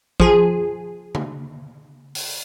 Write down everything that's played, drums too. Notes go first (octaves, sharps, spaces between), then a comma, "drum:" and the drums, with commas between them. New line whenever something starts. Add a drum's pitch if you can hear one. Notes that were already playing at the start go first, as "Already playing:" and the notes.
F3 G#4, drum: kick
drum: tom C#3
drum: open hi-hat